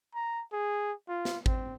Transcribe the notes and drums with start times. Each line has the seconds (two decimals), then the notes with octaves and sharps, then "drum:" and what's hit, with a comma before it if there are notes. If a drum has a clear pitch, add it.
0.15 A#5
0.52 G#4
1.08 F4
1.25 drum: snare
1.46 C4, drum: kick G#1